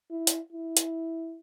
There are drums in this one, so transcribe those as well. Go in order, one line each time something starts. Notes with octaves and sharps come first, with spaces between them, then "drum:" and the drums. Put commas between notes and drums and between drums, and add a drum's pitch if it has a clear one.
E4
drum: hi-hat
E4
drum: hi-hat